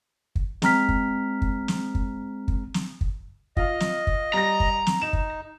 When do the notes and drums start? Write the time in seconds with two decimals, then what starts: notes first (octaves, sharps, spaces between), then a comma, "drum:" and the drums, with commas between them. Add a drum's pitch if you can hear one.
0.36 drum: kick
0.62 G#3 C4 A#5 F6 B6, drum: snare
0.89 drum: kick
1.42 drum: kick
1.68 drum: snare
1.95 drum: kick
2.48 drum: kick
2.74 drum: snare
3.01 drum: kick
3.57 F4 D#5 F5, drum: kick
3.80 drum: snare
4.07 drum: kick
4.33 G3 A#5 A#6
4.60 drum: kick
4.87 drum: snare
5.02 D#4 E7
5.13 drum: kick